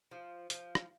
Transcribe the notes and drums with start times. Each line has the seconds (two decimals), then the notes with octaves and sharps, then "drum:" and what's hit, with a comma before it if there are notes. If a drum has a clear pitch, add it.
0.11 F3
0.50 F3, drum: hi-hat
0.75 drum: rim click